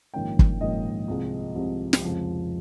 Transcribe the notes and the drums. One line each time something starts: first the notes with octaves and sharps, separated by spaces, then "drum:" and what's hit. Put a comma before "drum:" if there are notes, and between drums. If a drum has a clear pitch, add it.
A#1 G#2 D#3 A#3 C#4 G5
drum: kick
A#1 G#2 D#3 A#3 C#4 D#5
C2 C3 F3 G#3
C2 C3 F3 G#3
drum: snare
F1 F2 C#3 F3 G#3